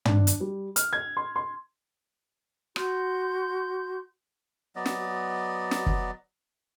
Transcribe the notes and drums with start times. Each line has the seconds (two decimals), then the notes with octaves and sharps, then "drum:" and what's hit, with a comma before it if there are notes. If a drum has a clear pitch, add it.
0.05 D4, drum: tom
0.27 drum: hi-hat
0.41 G3
0.76 F6, drum: hi-hat
0.93 G#6
1.17 C6
1.36 C6
2.76 F#4 C6 G6, drum: rim click
4.76 F#3 B3 D5 D#5
4.86 drum: snare
5.71 drum: snare
5.86 drum: kick